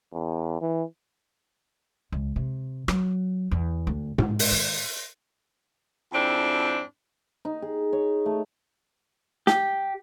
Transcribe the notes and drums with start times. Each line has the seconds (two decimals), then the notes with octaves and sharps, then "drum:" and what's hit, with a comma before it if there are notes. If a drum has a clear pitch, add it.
0.14 E2
0.61 E3
2.12 C#2
2.36 C3
2.88 F#3, drum: rim click
3.51 E2
3.87 D2
4.18 G#2, drum: tom A2
4.39 drum: open hi-hat
4.51 D#3
6.12 F2 G#2 C4 D4 E4
7.45 D#4
7.62 G#4
7.93 C#5
8.26 A3
9.47 G4, drum: snare